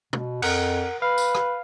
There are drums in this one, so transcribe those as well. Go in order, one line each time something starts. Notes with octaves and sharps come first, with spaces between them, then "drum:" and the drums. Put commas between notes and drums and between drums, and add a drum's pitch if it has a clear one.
B2, drum: tom
F2 A#4 F#5, drum: cymbal
B4 F5
drum: tambourine
drum: rim click